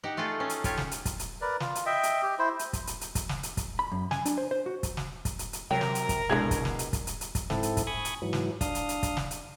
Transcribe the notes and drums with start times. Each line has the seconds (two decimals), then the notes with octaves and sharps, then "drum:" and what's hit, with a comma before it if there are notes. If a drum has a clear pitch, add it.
0.04 D#4 G4 F#5
0.17 A3 F4 G#4 A4
0.40 C#4
0.49 drum: hi-hat
0.64 F4 G4 C#5, drum: kick, hi-hat
0.77 drum: snare
0.91 drum: hi-hat
1.05 drum: kick, hi-hat
1.19 drum: hi-hat
1.41 A#4 B4 D5
1.60 F4, drum: snare
1.75 drum: hi-hat
1.86 D#5 E5 G5
2.03 drum: hi-hat
2.23 G4
2.39 E4 C5
2.59 drum: hi-hat
2.73 drum: kick, hi-hat
2.87 drum: hi-hat
3.01 drum: hi-hat
3.15 drum: kick, hi-hat
3.29 drum: snare
3.43 drum: hi-hat
3.57 drum: kick, hi-hat
3.79 B5
3.92 F#2
4.11 G#5, drum: snare
4.25 D4, drum: hi-hat
4.38 C5
4.51 C5
4.66 F#4
4.83 drum: kick, hi-hat
4.97 drum: snare
5.25 drum: kick, hi-hat
5.39 drum: hi-hat
5.53 drum: hi-hat
5.71 C3 F#3 A#4 G5
5.81 drum: snare
5.95 drum: hi-hat
6.09 drum: kick, hi-hat
6.29 C2 B2 G#3 D4 G#4 A4 G#6
6.51 drum: kick, hi-hat
6.65 drum: snare
6.79 drum: hi-hat
6.93 drum: kick, hi-hat
7.07 drum: hi-hat
7.21 drum: hi-hat
7.35 drum: kick, hi-hat
7.50 G#2 C4 E4 A4, drum: snare
7.63 drum: hi-hat
7.77 drum: kick, hi-hat
7.87 G#5 B5 C#6 D#6
8.05 drum: hi-hat
8.22 G#2 E3 F#3
8.33 drum: snare
8.61 D4 F5 D#6, drum: kick, hi-hat
8.75 drum: hi-hat
8.89 drum: hi-hat
9.03 drum: kick, hi-hat
9.17 drum: snare
9.31 drum: hi-hat